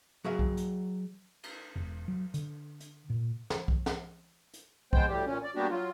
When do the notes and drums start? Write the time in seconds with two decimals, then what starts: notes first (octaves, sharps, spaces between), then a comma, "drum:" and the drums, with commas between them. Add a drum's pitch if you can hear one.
0.24 F#3 F#4 G#4 E5 F5
0.39 drum: kick B1
0.57 drum: hi-hat
1.43 drum: cymbal
1.76 E1
2.08 F#3
2.34 D3, drum: hi-hat
2.80 drum: hi-hat
3.10 A#2
3.50 drum: snare
3.68 drum: kick B1
3.86 drum: snare
4.54 drum: hi-hat
4.93 G#3 B3 C5 G5, drum: kick B1
5.08 D2 A2 G3 G4
5.26 A#2 C#4
5.43 D5
5.56 G3 A#3 B3 D4 F#4 G4
5.71 F#3 F4